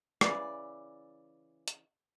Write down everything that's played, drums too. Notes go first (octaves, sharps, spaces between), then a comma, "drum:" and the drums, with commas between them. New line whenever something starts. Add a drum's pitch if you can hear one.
C#3 E3 D5, drum: rim click
drum: hi-hat